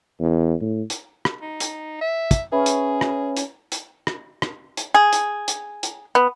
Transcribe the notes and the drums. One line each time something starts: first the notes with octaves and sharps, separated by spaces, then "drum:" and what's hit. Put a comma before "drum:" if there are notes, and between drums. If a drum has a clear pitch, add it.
E2
A2
drum: hi-hat
drum: rim click
D#4
drum: hi-hat
E5
drum: kick, hi-hat
C#4 G#4 B4 E5 B5
drum: hi-hat
drum: rim click
drum: hi-hat
drum: hi-hat
drum: rim click
drum: rim click
drum: hi-hat
G#4
drum: hi-hat
drum: hi-hat
drum: hi-hat
B3